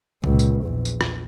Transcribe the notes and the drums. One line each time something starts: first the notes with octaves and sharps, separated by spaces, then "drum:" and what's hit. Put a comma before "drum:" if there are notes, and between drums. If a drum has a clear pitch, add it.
C#2 A#2, drum: tom C3
drum: tambourine
A#1 E2
drum: tambourine
drum: rim click